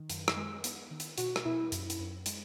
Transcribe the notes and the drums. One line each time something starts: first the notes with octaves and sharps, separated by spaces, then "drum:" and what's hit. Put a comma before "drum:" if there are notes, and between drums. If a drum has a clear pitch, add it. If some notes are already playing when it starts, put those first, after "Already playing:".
Already playing: D#3
F#2, drum: hi-hat
drum: rim click
G#3
B3, drum: hi-hat
D#3
drum: hi-hat
B2 F#4, drum: hi-hat
drum: rim click
B2 E4
F#2, drum: hi-hat
drum: hi-hat
F#2
G#3, drum: hi-hat